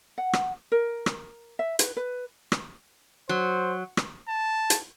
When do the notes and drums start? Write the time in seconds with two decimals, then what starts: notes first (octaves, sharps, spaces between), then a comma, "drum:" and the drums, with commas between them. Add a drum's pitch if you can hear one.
0.18 F#5
0.33 drum: rim click
0.72 A#4
1.06 drum: rim click
1.59 E5
1.79 B4, drum: hi-hat
1.97 B4
2.52 drum: rim click
3.29 F#3 C5
3.97 drum: rim click
4.28 A5
4.70 drum: hi-hat